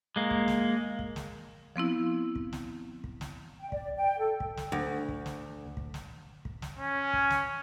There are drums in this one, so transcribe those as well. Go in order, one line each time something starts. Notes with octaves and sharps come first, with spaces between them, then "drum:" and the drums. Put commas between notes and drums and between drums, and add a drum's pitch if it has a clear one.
G#3 A#3
drum: kick
drum: snare
drum: kick
drum: snare
F3 B3 C4 E4
drum: kick
drum: snare
drum: kick
drum: snare
G5
D5, drum: kick
G5
A4
drum: kick
drum: snare
D2
drum: kick
drum: snare
drum: kick
drum: snare
drum: kick
drum: snare
C#4
drum: kick
drum: snare